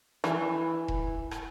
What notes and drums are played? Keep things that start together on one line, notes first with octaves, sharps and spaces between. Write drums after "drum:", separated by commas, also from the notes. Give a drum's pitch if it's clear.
E3, drum: rim click
drum: kick E1
drum: rim click